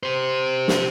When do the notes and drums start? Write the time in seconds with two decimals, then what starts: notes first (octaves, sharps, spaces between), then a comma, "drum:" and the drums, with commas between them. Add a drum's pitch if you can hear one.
0.03 G4 C5
0.68 drum: snare